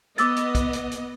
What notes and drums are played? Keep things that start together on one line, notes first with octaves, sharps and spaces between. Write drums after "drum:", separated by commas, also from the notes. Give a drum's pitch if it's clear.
B3 D#5 D6 E6 A6, drum: hi-hat
drum: hi-hat
drum: kick, hi-hat
drum: hi-hat
drum: hi-hat